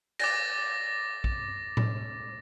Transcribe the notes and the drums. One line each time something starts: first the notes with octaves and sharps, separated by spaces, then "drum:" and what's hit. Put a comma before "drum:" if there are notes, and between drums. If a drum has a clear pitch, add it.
D6 A6 A#6, drum: cymbal
drum: kick A#1
drum: tom A2